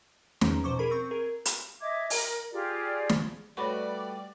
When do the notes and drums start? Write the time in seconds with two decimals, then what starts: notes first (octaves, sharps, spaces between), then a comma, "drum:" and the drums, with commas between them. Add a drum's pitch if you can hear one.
0.41 E2 C#4 D#4 A#5 D7, drum: snare
0.64 B2 F3 C5 C#6 D6
0.79 G#4 A#4 B5 G#6
0.91 C4 C#6
1.11 G#4 A#4 G#6
1.45 drum: hi-hat
1.81 D#5 E5 D6 G#6
2.10 A#4, drum: open hi-hat
2.52 F4 G4 G#4 D5
3.09 drum: snare
3.57 G3 A3 F#4 B4 C#5 D5 B5 C#6